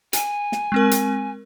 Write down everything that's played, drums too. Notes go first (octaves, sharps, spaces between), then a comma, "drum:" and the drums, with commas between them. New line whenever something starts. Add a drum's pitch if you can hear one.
G#5, drum: hi-hat
drum: snare
G#3 C4 A#4
drum: hi-hat